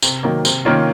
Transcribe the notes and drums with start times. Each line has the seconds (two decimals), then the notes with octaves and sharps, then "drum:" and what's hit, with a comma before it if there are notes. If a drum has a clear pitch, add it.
0.02 C3, drum: tambourine
0.23 D#3 F#3 A#3
0.45 C3, drum: tambourine
0.65 D#3 A#3 C#4 F4